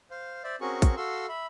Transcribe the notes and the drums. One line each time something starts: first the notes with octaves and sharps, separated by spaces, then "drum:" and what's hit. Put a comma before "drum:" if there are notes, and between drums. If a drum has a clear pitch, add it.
C5 F5
C5 D5 E5
C4 C#4 F#4 G#4 A#4 C#6
drum: kick, hi-hat
F#4 A4 F5 C6 E6
E5 B5